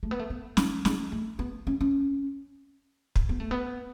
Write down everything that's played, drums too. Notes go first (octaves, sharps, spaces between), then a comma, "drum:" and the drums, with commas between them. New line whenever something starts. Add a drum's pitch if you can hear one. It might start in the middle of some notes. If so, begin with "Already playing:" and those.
A3
B3
A3
B3
A3, drum: snare
G#3, drum: snare
A3
B3
C#4
C#4
drum: kick
B3
A3
B3